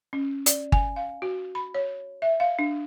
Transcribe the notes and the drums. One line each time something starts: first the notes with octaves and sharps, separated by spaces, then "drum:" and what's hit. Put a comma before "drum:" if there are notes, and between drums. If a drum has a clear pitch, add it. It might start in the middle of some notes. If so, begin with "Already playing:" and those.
C#4
D5, drum: hi-hat
G#5, drum: kick G1
F5
F#4
B5
C#5
E5
F5
D4